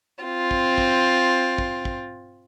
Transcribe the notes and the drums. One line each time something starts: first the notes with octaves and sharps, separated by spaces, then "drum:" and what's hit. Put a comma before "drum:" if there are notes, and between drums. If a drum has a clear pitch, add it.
C4 F4
drum: kick
drum: kick
drum: kick
drum: kick